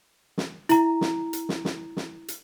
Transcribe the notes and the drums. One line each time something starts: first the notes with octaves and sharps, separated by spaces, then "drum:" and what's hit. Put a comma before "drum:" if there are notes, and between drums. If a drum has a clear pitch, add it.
drum: snare
E4 A#5, drum: hi-hat
drum: snare
drum: hi-hat
drum: snare
drum: snare
drum: snare
drum: hi-hat